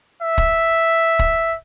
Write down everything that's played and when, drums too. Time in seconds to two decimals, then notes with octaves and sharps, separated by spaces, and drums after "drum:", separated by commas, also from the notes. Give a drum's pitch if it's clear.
0.22 E5
0.38 drum: kick
1.19 drum: kick